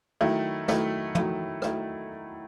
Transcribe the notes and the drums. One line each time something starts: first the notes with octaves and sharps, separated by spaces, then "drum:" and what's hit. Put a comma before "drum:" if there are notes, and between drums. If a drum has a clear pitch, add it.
D#3 F#3 A3 E4
D#3 F#3 A3 E4, drum: snare
D#3 F#3 A3 E4, drum: tom
D#3 F#3 A3 E4, drum: rim click